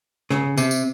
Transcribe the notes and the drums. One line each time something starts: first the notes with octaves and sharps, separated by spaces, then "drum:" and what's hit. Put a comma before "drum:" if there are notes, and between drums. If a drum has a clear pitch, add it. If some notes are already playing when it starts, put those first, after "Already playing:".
C#3, drum: rim click
C3, drum: tambourine
drum: tambourine